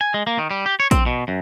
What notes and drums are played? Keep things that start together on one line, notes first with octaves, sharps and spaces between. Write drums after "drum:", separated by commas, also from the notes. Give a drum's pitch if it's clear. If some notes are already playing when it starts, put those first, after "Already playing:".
G#5
G#3
A#3
D#3
G3
G4
C#5
C4, drum: kick A#1, hi-hat
B2
F#2